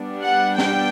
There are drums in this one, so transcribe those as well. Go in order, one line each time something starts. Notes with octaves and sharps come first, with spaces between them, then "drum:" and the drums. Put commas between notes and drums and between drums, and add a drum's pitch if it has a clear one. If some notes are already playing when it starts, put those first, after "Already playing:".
Already playing: G3 B3 D4
F#5
G5, drum: snare